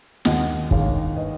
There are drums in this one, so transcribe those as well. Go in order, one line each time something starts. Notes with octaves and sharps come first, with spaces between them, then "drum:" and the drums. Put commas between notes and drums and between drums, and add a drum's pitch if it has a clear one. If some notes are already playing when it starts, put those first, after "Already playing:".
D#2 D#5 F#5, drum: snare
D#3 G#3 C#5 F5, drum: kick
B4 D#5